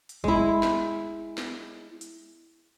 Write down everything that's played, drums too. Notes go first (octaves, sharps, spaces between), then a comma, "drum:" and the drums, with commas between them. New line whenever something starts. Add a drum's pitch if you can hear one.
drum: hi-hat
G#3 E4, drum: kick F#1
drum: snare
drum: snare
drum: hi-hat